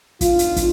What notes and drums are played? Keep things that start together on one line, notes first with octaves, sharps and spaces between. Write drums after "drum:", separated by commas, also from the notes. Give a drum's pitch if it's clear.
G#2 D#3 G#3 B3 D4 F4, drum: kick, hi-hat
drum: hi-hat
drum: kick, hi-hat